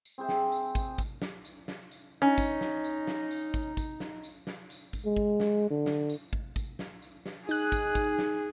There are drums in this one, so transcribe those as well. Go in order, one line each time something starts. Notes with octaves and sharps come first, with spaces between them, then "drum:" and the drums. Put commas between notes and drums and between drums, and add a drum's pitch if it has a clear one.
drum: tambourine
C4 G#4 C5 E5
drum: snare
drum: tambourine
drum: kick, tambourine
drum: kick, tambourine
drum: snare
drum: tambourine
drum: snare
drum: tambourine
C#4 D#4
drum: kick, tambourine
drum: snare
drum: tambourine
drum: snare
drum: tambourine
drum: kick, tambourine
drum: kick, tambourine
drum: snare
drum: tambourine
drum: snare
drum: tambourine
drum: kick, tambourine
G#3
drum: kick
drum: snare
D3
drum: snare
drum: tambourine
drum: kick
drum: kick, tambourine
drum: snare
drum: tambourine
drum: snare
D#4 G#4 F#6, drum: tambourine
drum: kick, tambourine
drum: kick, tambourine
drum: snare